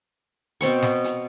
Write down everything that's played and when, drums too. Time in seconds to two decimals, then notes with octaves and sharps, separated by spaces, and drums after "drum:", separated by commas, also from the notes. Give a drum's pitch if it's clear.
0.61 B2 C4 C5 C#6, drum: hi-hat
0.82 drum: snare
1.04 drum: hi-hat